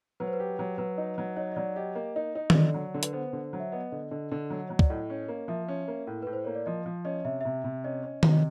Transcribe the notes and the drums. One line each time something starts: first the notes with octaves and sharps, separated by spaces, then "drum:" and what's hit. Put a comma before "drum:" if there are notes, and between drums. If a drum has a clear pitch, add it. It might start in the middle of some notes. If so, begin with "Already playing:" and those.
F#3 B4
C5
B4
G4
F#3
F#3 B4
D#4
F#3
D#4 C#5
D#5
F#3 D5
G4 D#5
A#3 D#5
D#4
D#4
D#5, drum: tom D#3
D3 D5
F#3
D3
B4, drum: hi-hat
B3 C5
D3
F#3
E5
B3 D#5
D3 D#5
D3 D#5
D3
F#3
F#3 C#5
D5, drum: kick
A2 D#5
C#4
A#3
F3 E5
C#4
A#3
A2
A2 B4
C5
A#3 C#5
D5
F3 D#5
F3
C#4 D#5
C3 E5
C3 E5
C3
C#4 D#5
C#4
C3, drum: tom D#3
D#5